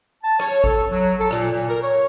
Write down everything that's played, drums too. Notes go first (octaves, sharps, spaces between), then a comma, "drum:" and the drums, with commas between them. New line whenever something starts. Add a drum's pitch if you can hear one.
A5
C#5, drum: rim click
A4, drum: kick G#1
F#3
A4
A#2, drum: rim click
A#2
A#4
C#5